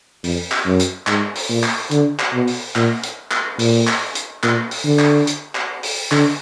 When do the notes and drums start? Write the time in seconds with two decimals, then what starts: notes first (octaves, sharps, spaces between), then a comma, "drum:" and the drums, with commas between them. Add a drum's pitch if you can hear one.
0.24 F2, drum: open hi-hat
0.52 drum: clap
0.66 F#2
0.80 drum: hi-hat
1.07 G#2, drum: clap
1.35 drum: open hi-hat
1.50 A#2
1.63 drum: clap
1.91 D3, drum: hi-hat
2.19 drum: clap
2.33 B2
2.47 drum: open hi-hat
2.76 A#2, drum: clap
3.03 drum: hi-hat
3.31 drum: clap
3.59 A#2, drum: open hi-hat
3.87 drum: clap
4.15 drum: hi-hat
4.43 A#2, drum: clap
4.71 drum: open hi-hat
4.85 D3
4.99 drum: clap
5.27 drum: hi-hat
5.55 drum: clap
5.83 drum: open hi-hat
6.12 D3, drum: clap